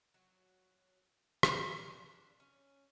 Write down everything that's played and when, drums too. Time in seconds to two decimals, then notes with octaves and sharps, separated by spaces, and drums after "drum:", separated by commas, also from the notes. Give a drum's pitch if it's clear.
0.14 F#3
1.43 D5, drum: rim click
1.89 D4
2.40 C#4